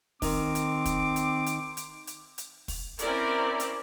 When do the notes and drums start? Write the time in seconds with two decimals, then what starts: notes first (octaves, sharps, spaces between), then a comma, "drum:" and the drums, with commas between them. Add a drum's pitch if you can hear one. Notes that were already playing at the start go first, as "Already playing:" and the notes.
0.22 D#3 C4 D6, drum: kick, open hi-hat
0.55 drum: hi-hat
0.85 drum: kick, hi-hat
1.16 drum: hi-hat
1.46 drum: hi-hat
1.77 drum: hi-hat
2.07 drum: hi-hat
2.38 drum: hi-hat
2.68 drum: kick, open hi-hat
2.99 C4 C#4 E4 A#4 D5, drum: hi-hat
3.60 drum: hi-hat